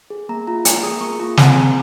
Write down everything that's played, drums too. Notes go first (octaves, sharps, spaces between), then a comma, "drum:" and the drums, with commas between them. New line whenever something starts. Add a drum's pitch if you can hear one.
G#4
A#3 A#5
F4 A#5
A#3 A#5, drum: hi-hat
G#4 D#6
A#3 C#6
F4 A#5
C4 G#5, drum: snare
G#4